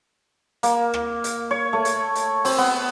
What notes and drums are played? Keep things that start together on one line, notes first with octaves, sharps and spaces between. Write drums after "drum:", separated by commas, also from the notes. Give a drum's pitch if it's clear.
A#3, drum: hi-hat
drum: rim click
drum: hi-hat
C#5
A3
drum: hi-hat
drum: hi-hat
C4, drum: open hi-hat
B3